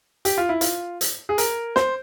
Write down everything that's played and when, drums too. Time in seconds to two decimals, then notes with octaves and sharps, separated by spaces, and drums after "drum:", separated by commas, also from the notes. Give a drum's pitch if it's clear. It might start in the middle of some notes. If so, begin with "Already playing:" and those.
0.25 G4, drum: hi-hat
0.38 F4
0.49 E4
0.61 F4, drum: hi-hat
1.01 drum: hi-hat
1.29 G#4
1.38 A#4, drum: hi-hat
1.76 C5, drum: snare